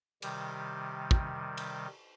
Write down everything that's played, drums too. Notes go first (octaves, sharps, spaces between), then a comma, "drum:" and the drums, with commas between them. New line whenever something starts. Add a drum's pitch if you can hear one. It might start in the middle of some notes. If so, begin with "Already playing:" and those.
C3 D#3 G3, drum: cymbal
drum: kick
drum: cymbal